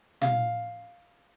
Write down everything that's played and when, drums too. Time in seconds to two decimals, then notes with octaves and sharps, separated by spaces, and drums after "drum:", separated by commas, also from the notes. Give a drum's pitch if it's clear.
0.22 F5, drum: tom